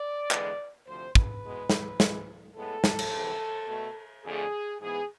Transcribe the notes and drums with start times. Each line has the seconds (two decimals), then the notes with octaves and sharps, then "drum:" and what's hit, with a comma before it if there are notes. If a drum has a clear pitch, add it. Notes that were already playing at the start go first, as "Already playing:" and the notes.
Already playing: D5
0.31 E2 D3 G#3 B3, drum: clap
0.87 D2 C3 F3 C5
1.15 B4, drum: kick
1.43 E2 B2 G#3 B3
1.70 drum: snare
2.00 F2 E3 G#3, drum: snare
2.56 A2 G#3 B3 A4
2.84 drum: snare
2.99 drum: cymbal
3.12 E2 C3 E3 B3
3.68 B2 A3
4.24 F2 D3 A3 G#4
4.80 G#2 E3 B3 G#4